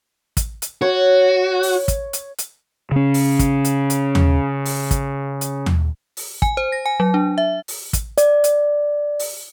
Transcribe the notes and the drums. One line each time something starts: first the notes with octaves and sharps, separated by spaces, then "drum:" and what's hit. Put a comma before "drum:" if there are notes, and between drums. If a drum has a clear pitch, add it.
drum: kick, hi-hat
drum: hi-hat
F#4 C#5
drum: open hi-hat
drum: kick, hi-hat
drum: hi-hat
drum: hi-hat
C#3 C#4
drum: open hi-hat
drum: kick, hi-hat
drum: hi-hat
drum: hi-hat
drum: tom D#2
drum: open hi-hat
drum: kick, hi-hat
drum: hi-hat
drum: tom D#2
drum: open hi-hat
G#5, drum: kick
C5
A#6
G#5
F#3
D4
E5
drum: open hi-hat
drum: kick, hi-hat
D5, drum: hi-hat
drum: hi-hat
drum: open hi-hat